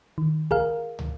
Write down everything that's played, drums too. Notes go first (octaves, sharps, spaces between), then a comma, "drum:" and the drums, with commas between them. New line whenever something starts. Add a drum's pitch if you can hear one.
D#3
G#4 A#4 F5, drum: kick
drum: tom